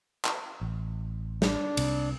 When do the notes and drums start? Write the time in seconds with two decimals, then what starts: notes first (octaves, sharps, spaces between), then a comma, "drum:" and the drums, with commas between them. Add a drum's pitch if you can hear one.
0.25 drum: clap
0.61 A1
1.42 D4, drum: snare
1.77 C2 C3, drum: cymbal